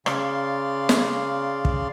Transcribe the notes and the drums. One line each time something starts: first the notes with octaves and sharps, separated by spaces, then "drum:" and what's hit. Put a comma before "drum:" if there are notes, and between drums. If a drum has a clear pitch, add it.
C#3 D5 F5 C6, drum: rim click
drum: snare
drum: kick